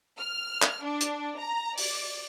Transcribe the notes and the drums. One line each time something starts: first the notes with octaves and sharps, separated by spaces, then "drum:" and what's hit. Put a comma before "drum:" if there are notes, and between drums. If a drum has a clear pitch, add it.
F6
drum: clap
D4
drum: hi-hat
A#5
D5, drum: open hi-hat